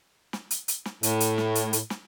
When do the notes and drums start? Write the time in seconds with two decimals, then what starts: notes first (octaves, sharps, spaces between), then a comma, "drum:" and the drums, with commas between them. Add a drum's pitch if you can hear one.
0.33 drum: snare
0.51 drum: hi-hat
0.68 drum: hi-hat
0.85 drum: snare
1.03 A2, drum: hi-hat
1.20 drum: hi-hat
1.38 drum: snare
1.55 drum: hi-hat
1.73 drum: hi-hat
1.90 drum: snare